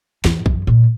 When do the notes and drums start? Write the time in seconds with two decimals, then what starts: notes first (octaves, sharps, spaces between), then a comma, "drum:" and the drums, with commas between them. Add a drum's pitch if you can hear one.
0.24 E2, drum: snare
0.46 F#2, drum: kick A#1
0.67 A#2